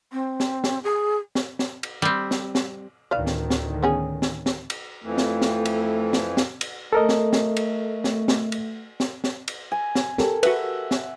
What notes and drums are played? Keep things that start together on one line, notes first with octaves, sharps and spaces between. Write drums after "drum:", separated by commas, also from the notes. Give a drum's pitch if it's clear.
C4
drum: snare
drum: snare
G#4
drum: snare
drum: snare
drum: cymbal
G3 C4
drum: snare
drum: snare
D2 A2 D#3 B4 D5 F5
drum: snare
drum: snare
B3 C#4 G#4
drum: snare
drum: snare
drum: cymbal
F2 E3 A3
drum: snare
drum: snare
drum: cymbal
drum: snare
drum: snare
drum: cymbal
A3 A4 A#4 D#5
drum: snare
drum: snare
drum: cymbal
drum: snare
drum: snare
drum: cymbal
drum: snare
drum: snare
drum: cymbal
G#5
drum: snare
G4 A4 A#4, drum: snare
F#4 B4 E5 F#5, drum: cymbal
drum: snare